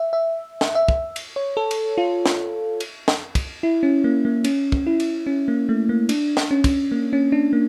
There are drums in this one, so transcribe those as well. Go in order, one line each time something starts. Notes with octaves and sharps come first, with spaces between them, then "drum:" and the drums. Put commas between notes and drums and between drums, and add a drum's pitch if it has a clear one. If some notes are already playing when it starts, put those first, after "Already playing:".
Already playing: E5
E5
drum: snare
E5
drum: kick
drum: cymbal
C#5
A4
drum: cymbal
F4
drum: snare
drum: cymbal
drum: snare
drum: kick, cymbal
E4
C#4
A#3
A#3
C#4, drum: cymbal
drum: kick
E4
drum: cymbal
C#4
A#3
A3
A#3
D4, drum: cymbal
drum: snare
C#4
drum: kick, cymbal
A#3
C#4
D4
A#3